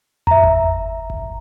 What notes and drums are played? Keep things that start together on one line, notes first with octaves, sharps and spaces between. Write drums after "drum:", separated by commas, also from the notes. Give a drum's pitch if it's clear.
E5 A#5, drum: tom E2
drum: kick G1
drum: kick G1